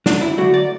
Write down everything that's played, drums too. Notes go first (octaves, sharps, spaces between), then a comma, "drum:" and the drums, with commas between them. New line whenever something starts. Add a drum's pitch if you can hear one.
D2 D4, drum: snare
E4
D3 F#3 A3 F#4
D5